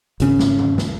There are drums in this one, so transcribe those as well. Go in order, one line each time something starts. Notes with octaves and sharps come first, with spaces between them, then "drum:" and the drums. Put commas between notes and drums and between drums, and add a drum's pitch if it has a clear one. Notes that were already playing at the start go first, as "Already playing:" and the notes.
G#1 C#3, drum: hi-hat
drum: snare
drum: tom D#3
drum: snare